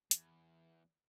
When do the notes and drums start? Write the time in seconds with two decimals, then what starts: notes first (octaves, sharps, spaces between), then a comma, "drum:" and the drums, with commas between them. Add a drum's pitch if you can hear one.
0.11 E2, drum: hi-hat